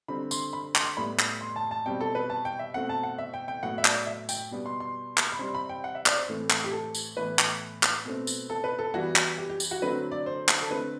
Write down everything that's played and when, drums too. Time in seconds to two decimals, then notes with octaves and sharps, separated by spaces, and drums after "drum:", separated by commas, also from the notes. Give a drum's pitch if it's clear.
0.08 D3 G3 C4 B5
0.31 C6, drum: tambourine
0.53 B5
0.75 C6, drum: clap
0.97 A2 G3 B3 B5
1.19 drum: clap
1.41 C6
1.56 A5
1.71 A5
1.86 B2 G3 C4 G5
2.01 A4
2.15 B4
2.30 A5
2.45 G5
2.59 E5
2.74 B2 A3 C4 F#5
2.89 A5
3.03 F#5
3.18 E5
3.34 G5
3.48 G5
3.63 A2 F#3 B3 F#5
3.78 E5
3.85 D5, drum: clap
4.06 E5
4.29 G5, drum: tambourine
4.51 B2 G3 B3
4.66 C6
4.80 C6
5.18 drum: clap
5.32 B5
5.39 C3 G3 C4 C6
5.55 B5
5.69 G5
5.84 F#5
5.95 E5
6.06 D5, drum: clap
6.17 C5
6.29 A2 E3 A3 C4
6.50 drum: clap
6.64 G4
6.72 A4
6.95 drum: tambourine
7.17 A2 E3 B3 B4
7.39 drum: clap
7.83 drum: clap
8.05 B2 A3 C4
8.27 drum: tambourine
8.50 A4
8.64 B4
8.79 A4
8.94 E3 G3 B3 F#4
9.16 drum: clap
9.38 G4
9.50 G4
9.60 drum: tambourine
9.71 F#4
9.82 D3 F#3 A3 C4 B4
10.12 D5
10.26 C5
10.49 drum: clap
10.61 A4
10.71 D3 A3 C4 B4